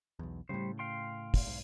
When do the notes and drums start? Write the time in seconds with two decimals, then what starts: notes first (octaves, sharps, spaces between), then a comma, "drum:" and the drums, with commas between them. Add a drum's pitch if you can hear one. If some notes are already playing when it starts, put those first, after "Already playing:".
0.19 B1 E2
0.49 A2 C#3 G3 C5
0.79 F5 G5 C6
1.34 drum: kick, open hi-hat
1.47 B1 G#2